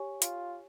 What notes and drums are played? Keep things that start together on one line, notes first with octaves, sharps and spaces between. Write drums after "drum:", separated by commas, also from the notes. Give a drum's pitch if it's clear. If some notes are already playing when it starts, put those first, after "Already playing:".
Already playing: G4 C#5 G#5 C#6
F4, drum: hi-hat